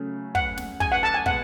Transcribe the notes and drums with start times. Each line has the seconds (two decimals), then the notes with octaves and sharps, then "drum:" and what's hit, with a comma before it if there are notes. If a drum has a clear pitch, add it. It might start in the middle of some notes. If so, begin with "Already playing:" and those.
Already playing: C#3 F#3 A3 C#4
0.35 F#5, drum: kick
0.57 drum: snare
0.80 G#5, drum: kick
0.92 F#5
1.03 A5
1.14 G#5
1.26 B2 G#3 B3 F#5, drum: kick